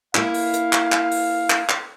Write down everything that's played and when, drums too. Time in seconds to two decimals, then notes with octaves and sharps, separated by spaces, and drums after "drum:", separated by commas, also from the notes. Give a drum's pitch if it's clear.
0.15 A#3 E4 F5, drum: clap
0.34 drum: open hi-hat
0.53 drum: hi-hat
0.73 drum: clap
0.92 drum: clap
1.11 drum: open hi-hat
1.50 drum: clap
1.69 drum: clap